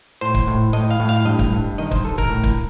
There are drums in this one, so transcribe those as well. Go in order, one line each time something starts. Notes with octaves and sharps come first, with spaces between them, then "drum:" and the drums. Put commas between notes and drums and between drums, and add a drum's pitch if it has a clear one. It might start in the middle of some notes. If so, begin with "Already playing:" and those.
A2 C5
drum: kick
A2
A2 D#5
F5
A2
F5
G2 D#5
drum: kick
G2
D#3 D#5
C5, drum: kick
G2 A4
A#4, drum: kick
A2
drum: kick